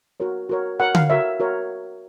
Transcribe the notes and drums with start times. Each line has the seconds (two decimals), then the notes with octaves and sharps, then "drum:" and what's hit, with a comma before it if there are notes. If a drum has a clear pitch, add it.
0.20 F#4 A#4 C#5
0.49 F#4 A#4 C#5
0.79 F#4 A#4 C#5 F#5
0.95 F5, drum: tom D3
1.10 F#4 A#4 C#5 E5
1.40 F#4 A#4 C#5